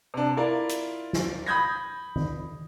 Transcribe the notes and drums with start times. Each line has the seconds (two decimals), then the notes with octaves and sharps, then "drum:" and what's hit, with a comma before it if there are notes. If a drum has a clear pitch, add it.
0.14 C3 D4
0.37 E4 F4 A#4 D5
0.69 drum: hi-hat
1.13 drum: snare
1.46 B5 D#6 G6 G#6 A#6
2.16 drum: tom D#3